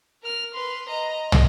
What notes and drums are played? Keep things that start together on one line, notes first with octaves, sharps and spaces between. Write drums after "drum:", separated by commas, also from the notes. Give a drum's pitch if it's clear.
A#4 F6
B4 C6
D#5 A#5
drum: tom